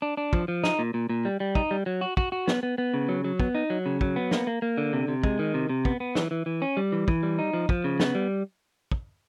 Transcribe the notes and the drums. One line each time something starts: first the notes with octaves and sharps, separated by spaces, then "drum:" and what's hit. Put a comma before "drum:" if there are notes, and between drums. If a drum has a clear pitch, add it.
D4
D4
F3, drum: kick
F3
D#4, drum: snare
A#2
A#2
A#2
G3
G3
D#4, drum: kick
G3
F#3
F#4
F#4, drum: kick
F#4
B3, drum: snare
B3
B3
C#3
F#3
F#3
B3, drum: kick
D#4
F#3
C#3
F#3, drum: kick
B3
A#3, drum: snare
A#3
A#3
D3
C3
C3
G#3, drum: kick
D#3
C3
C3
B3, drum: kick
B3
E3, drum: snare
E3
E3
C#4
G3
E3
E3, drum: kick
G3
D#4
F3
F3, drum: kick
C#3
B3, drum: snare
G3
drum: kick